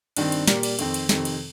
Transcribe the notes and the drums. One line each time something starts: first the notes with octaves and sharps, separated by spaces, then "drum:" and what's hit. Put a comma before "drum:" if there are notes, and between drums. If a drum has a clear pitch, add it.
G2 D#3 C4, drum: cymbal
drum: cymbal
A#2 G3 A#3, drum: snare
drum: cymbal
F2 D#3 C4, drum: cymbal
drum: cymbal
F2 C3 D#3 C4, drum: snare
drum: cymbal